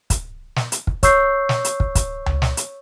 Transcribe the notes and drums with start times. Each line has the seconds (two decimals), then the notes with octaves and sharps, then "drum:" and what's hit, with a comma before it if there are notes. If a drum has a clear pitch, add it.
0.10 drum: kick, hi-hat
0.56 drum: snare
0.72 drum: hi-hat
0.87 drum: kick
1.03 C#5 C#6 E6 G6 C7, drum: kick, hi-hat
1.49 drum: snare
1.64 drum: hi-hat
1.80 drum: kick
1.95 drum: kick, hi-hat
2.26 drum: tom C#2
2.42 drum: snare
2.57 drum: hi-hat